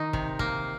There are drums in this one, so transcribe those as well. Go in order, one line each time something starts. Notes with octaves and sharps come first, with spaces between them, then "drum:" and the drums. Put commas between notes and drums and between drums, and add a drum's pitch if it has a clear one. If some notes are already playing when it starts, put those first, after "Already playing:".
Already playing: D#3 D#4
C3, drum: kick
A#3, drum: kick